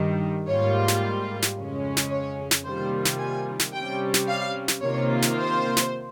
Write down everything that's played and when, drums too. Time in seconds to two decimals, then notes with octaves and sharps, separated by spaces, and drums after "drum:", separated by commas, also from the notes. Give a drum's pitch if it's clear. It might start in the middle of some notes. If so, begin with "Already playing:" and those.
Already playing: G2 D#3 G3
0.47 G#2 G3 A#3 F4 C#5
0.88 drum: snare
1.43 drum: snare
1.56 F2 C#3 G#3 C#4
1.97 drum: snare
2.10 C#5
2.51 drum: snare
2.64 C3 D#3 G3 A#3 F4 C5
3.05 drum: snare
3.18 G#5
3.60 drum: snare
3.73 C3 G3 C#4 G5
4.14 drum: snare
4.28 F5
4.68 drum: snare
4.81 C3 D#3 A#3 F4 C#5
5.23 drum: snare
5.36 C5
5.77 drum: snare